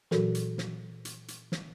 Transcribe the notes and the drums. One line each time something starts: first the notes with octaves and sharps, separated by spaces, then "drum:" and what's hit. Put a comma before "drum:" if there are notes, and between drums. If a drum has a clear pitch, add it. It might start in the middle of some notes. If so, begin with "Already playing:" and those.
A#2 E3 F#3 F#4 A4 A#4, drum: snare
drum: hi-hat
drum: snare
drum: hi-hat
drum: hi-hat
drum: snare